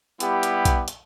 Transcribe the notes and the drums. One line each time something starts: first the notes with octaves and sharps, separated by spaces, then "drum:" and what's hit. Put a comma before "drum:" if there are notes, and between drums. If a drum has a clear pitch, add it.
G3 B3 E4 G4, drum: hi-hat
drum: hi-hat
drum: kick A#1, hi-hat
drum: hi-hat